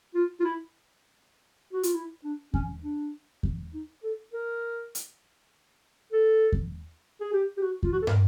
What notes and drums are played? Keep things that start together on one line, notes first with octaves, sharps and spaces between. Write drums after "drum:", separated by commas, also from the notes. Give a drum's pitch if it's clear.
F4
F4
E4
F#4
F4, drum: hi-hat
E4
D4
C#4, drum: kick E2
D4
drum: kick E2
D#4
A4
A#4
drum: hi-hat
A4
drum: kick E2
G#4
G4
G4
F#4
F4, drum: kick E2
F#4
A4
A#4, drum: tom